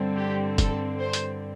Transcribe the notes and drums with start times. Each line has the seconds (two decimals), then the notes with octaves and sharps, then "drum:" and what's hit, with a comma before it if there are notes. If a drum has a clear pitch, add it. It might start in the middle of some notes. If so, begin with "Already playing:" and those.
Already playing: G2 D3 C4
0.17 G4
0.58 A4, drum: kick, hi-hat
1.00 C5
1.13 drum: hi-hat